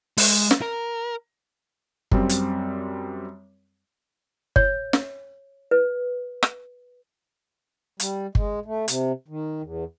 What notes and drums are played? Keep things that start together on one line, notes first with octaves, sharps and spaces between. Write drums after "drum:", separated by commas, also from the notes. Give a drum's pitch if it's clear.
G#3, drum: open hi-hat
drum: snare
A#4
F#2 G3 C4, drum: kick G1
drum: hi-hat
C#5, drum: kick G1
drum: snare
B4
drum: rim click
G3, drum: hi-hat
G#3, drum: kick G1
A3
C3, drum: hi-hat
D#3
E2